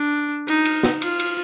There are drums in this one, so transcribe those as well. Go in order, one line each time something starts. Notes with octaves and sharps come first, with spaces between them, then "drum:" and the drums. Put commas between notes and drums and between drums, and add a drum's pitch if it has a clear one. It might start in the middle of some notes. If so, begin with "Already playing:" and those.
Already playing: D4
D#4, drum: cymbal
drum: cymbal
drum: snare
F4, drum: cymbal
drum: cymbal